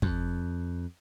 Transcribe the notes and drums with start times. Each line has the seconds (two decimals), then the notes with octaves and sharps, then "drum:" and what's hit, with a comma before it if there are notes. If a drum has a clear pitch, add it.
0.02 F2, drum: kick